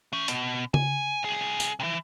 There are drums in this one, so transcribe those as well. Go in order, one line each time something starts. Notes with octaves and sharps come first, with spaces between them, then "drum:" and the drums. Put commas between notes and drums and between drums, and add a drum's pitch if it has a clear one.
E3 C#4
B2, drum: hi-hat
G#5, drum: tom C#3
C2 G#4
drum: tambourine
C3 E3